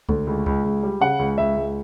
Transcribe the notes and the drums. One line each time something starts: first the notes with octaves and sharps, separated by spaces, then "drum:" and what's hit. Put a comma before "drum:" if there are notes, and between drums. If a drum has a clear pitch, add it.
D2, drum: kick C#2
C#2
C#2, drum: kick C#2
C#2
G3
C#3 F#5
C#2
C#2 E5
C#2